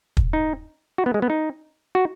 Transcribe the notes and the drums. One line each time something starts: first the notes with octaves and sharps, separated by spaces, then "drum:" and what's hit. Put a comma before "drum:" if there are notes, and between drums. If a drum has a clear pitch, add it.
drum: kick
D#4
F#4
B3
G#3
B3
D#4
F#4